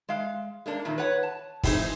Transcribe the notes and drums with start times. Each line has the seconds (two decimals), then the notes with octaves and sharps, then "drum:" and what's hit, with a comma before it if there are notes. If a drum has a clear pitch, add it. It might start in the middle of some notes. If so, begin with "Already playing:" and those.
0.09 G#3 F5
0.66 G#3 A#3 D4
0.85 E2 A#2 D#3
0.98 B4 C#5 F#5
1.23 A5
1.63 E3 G#3 C4 D#4 G#4, drum: kick, open hi-hat